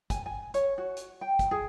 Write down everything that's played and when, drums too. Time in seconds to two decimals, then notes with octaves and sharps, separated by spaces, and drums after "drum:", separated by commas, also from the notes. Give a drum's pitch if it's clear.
0.10 G#5, drum: kick, hi-hat
0.26 G#5
0.54 C#5, drum: hi-hat
0.78 F#4
0.97 drum: hi-hat
1.21 G5
1.39 drum: kick, hi-hat
1.51 G#4